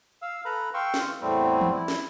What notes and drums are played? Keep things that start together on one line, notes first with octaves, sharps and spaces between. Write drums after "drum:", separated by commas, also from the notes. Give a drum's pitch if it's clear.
F5 E6
A4 B4 A#5 B5
F5 G5 C6 C#6 E6
drum: snare
E3
E2 A2 G3 A3 C4
drum: tom E3
E4
drum: snare